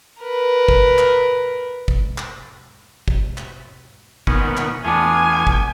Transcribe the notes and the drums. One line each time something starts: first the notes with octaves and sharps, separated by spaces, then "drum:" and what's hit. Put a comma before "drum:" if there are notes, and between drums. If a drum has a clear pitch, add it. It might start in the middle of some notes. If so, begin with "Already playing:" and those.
A#4 B4
drum: kick
drum: clap
drum: kick
drum: clap
drum: kick
drum: clap
A#2 D#3 B3 C#4, drum: kick
drum: clap
E2 A3 B3 D4 F4 G#5
drum: kick